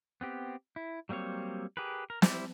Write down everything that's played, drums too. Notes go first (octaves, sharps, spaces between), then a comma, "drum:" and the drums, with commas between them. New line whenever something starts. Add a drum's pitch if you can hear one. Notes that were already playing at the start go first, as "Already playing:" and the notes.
B3 C4 G4
E4
F#3 G3 A#3 C4 C#5
G4 G#4 A#4 B4
A#4
G3 E4 C5 D6, drum: snare